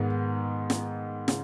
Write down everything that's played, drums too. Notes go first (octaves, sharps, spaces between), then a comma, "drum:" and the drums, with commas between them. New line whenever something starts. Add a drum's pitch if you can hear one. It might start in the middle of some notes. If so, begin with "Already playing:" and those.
Already playing: G#2 D#3 G#3 B3
drum: snare
C#3, drum: snare